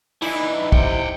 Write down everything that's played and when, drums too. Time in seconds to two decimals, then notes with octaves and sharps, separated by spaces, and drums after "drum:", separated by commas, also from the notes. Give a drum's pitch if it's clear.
0.22 D3 E3 D#4 E4
0.72 C3 F#5 G5, drum: kick